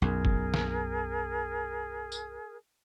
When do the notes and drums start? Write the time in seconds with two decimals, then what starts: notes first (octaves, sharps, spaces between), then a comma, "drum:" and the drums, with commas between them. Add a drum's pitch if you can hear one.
0.02 B1 F#2 G#4 A#4
0.25 drum: kick
0.54 drum: snare
2.12 drum: tambourine